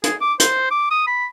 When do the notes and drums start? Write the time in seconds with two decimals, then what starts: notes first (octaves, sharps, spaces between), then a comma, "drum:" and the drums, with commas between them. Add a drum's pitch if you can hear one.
0.04 G#4, drum: hi-hat
0.21 D6
0.40 C5, drum: hi-hat
0.71 D6
0.91 D#6
1.07 B5